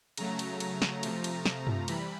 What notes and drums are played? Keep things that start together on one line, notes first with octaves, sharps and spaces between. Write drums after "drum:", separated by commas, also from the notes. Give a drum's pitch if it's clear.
C#3 F#3 A3 A#5, drum: cymbal
drum: cymbal
drum: cymbal
drum: snare
C3 F3 A3, drum: cymbal
drum: cymbal
drum: snare
drum: tom
C3 E3 G3 B5, drum: cymbal